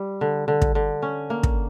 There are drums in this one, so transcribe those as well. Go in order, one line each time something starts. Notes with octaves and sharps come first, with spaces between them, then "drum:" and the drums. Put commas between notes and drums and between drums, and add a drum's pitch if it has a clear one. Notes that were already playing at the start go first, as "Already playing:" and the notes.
Already playing: G3
D3
D3
drum: kick
D3
C#4
A#3
drum: kick